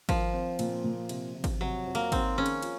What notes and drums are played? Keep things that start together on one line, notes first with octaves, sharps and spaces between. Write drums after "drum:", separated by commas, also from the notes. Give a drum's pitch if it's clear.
F3 A#4, drum: kick G#1, cymbal
C4
A#2, drum: cymbal
A#2
C3, drum: cymbal
C3
drum: kick G#1, cymbal
C3 F#3
F2
A#3, drum: cymbal
D#3 C4, drum: kick G#1, cymbal
C#4 G#4
drum: cymbal
F4, drum: cymbal